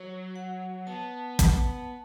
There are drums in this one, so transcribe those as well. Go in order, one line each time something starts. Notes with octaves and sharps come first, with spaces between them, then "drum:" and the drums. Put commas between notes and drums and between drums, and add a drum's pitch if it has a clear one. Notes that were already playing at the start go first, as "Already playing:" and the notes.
Already playing: F#3 C#5
F#5
B3 A5
drum: kick, hi-hat